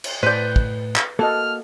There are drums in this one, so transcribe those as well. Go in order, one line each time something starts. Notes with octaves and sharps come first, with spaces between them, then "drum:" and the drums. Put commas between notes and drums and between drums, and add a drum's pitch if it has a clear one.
drum: cymbal
A2 B4 C5 D5 G6
drum: kick
drum: clap
A#3 F#4 A4 D#5 F6